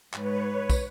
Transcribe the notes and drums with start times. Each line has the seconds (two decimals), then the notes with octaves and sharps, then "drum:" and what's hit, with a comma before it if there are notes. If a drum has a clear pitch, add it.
0.14 G#2 G#3 B4 C#5, drum: clap
0.70 drum: kick, tambourine